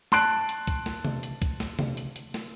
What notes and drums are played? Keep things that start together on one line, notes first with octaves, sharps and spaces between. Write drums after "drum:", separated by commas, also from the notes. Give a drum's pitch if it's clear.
A5 C6 F#6 D7, drum: snare
drum: hi-hat
drum: kick, hi-hat
drum: snare
drum: tom C3
drum: hi-hat
drum: kick, hi-hat
drum: snare
drum: tom C3
drum: hi-hat
drum: hi-hat
drum: snare